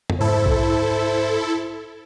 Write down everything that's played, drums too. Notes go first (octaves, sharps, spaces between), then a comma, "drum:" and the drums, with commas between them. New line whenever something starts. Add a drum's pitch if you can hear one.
drum: tom F2
G#2 E4 A4 C5
drum: kick B1